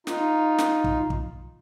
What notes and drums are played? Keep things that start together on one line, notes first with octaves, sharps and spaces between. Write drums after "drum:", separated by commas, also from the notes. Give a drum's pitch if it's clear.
D#4 F4, drum: snare
drum: snare
drum: kick
drum: kick